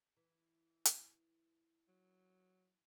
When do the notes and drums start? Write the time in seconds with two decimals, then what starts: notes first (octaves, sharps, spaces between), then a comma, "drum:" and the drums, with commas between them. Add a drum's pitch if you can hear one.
0.17 E3
0.85 drum: hi-hat
1.88 F#3